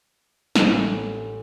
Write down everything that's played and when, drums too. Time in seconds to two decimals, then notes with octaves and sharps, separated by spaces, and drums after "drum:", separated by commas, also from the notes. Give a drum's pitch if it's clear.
0.56 A1 B3 A#4 D7, drum: snare